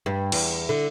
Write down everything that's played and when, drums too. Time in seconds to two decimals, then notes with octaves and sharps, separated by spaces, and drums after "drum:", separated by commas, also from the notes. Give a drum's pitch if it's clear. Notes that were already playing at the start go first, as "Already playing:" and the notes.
0.06 G2
0.32 E2, drum: cymbal
0.69 D3